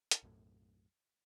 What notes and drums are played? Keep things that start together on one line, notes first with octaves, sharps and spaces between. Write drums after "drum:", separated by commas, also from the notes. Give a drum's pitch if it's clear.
drum: hi-hat
B1 F#2 A2